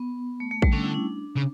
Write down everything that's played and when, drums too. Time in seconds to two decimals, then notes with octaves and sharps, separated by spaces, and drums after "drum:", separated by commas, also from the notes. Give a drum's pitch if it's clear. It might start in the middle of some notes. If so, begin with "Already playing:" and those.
Already playing: B3
0.40 A3
0.51 A3
0.62 G3, drum: kick A1
0.72 D3 C#4
0.84 E4
0.94 D4
1.37 C#3